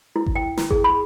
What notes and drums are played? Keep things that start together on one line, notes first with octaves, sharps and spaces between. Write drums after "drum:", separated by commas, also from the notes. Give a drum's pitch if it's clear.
E4
drum: kick G#1
G5
E4, drum: snare
G#4, drum: kick G#1
B5